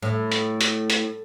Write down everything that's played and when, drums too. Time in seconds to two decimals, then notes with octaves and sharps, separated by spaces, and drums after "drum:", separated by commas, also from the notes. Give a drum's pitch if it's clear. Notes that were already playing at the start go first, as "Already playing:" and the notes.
0.03 A2
0.32 drum: hi-hat
0.61 drum: hi-hat
0.90 drum: hi-hat